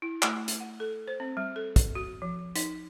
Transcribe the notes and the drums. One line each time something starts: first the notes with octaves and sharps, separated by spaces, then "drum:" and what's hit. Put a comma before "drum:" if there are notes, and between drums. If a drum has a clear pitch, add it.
E4
A3, drum: clap
drum: hi-hat
F#5
A4
C5
C4
G3
A4
drum: kick, hi-hat
F#4
F3
D#4, drum: hi-hat